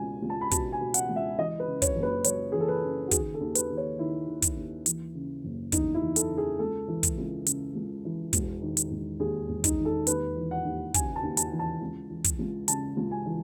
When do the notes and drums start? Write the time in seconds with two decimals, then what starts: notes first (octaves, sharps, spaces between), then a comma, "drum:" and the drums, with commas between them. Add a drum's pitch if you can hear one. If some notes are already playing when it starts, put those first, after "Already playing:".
Already playing: C#2 B2 G#5
0.22 C#2
0.30 A5
0.41 B5
0.51 B2 A5, drum: kick, hi-hat
0.72 G#5
0.81 B2
0.94 F#5, drum: hi-hat
1.09 C#2
1.16 E5
1.38 E3 D#5
1.60 B4
1.67 C#3
1.82 C#5, drum: kick, hi-hat
1.96 F#1
2.03 B4
2.24 F#2 C#5, drum: hi-hat
2.52 E3 G#4
2.60 A4
2.68 B4
2.83 C#3
3.08 F#4
3.11 D#3 G#4, drum: kick, hi-hat
3.34 A4
3.41 D#2
3.55 B4, drum: hi-hat
3.70 D#2
3.77 C#5
3.99 D#3 E4
4.28 D#3
4.42 drum: kick, hi-hat
4.57 D#2
4.86 E3, drum: hi-hat
5.15 C#3
5.43 F#1
5.72 E2 D#4, drum: kick, hi-hat
5.94 E4
6.01 E3
6.16 A4, drum: hi-hat
6.30 C#3
6.38 G#4
6.59 C#2 A4
6.88 E3
7.03 drum: kick, hi-hat
7.18 C#2
7.46 C#3, drum: hi-hat
7.75 C#2
8.05 E3
8.33 E1, drum: kick, hi-hat
8.62 D#3
8.77 drum: hi-hat
8.91 E1
9.20 D#2 G#4
9.49 E1
9.64 D#4, drum: kick, hi-hat
9.79 D#3
9.85 A4
10.07 D#2 B4, drum: hi-hat
10.36 E3
10.51 F#5
10.65 D#2
10.94 C#3 G#5, drum: kick, hi-hat
11.16 A5
11.23 D#2
11.37 A5, drum: hi-hat
11.52 E3
11.59 A5
11.82 C#2
12.10 E3
12.24 drum: kick, hi-hat
12.39 C#2
12.68 C#3 A5, drum: hi-hat
12.97 C#2
13.11 G#5
13.26 E3